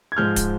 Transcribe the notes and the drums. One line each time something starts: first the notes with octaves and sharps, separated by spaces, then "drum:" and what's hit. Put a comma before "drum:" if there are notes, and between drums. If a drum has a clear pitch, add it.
G#6
G#2 F3 G#3 F6 G6
drum: kick, hi-hat